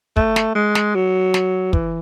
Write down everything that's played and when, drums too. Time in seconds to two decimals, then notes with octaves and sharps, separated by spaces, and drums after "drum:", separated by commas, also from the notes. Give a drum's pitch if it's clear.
0.17 A3, drum: kick
0.36 drum: snare
0.55 G#3
0.75 drum: snare
0.95 F#3
1.34 drum: snare
1.73 E3, drum: kick